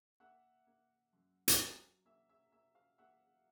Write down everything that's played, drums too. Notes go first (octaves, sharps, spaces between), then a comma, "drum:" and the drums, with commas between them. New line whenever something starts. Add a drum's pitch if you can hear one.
A#3 E5 F#5
A#3
F#2
drum: hi-hat
F#3
A#3 E5
E5
A#3 E5
F5
A#3 E5 F#5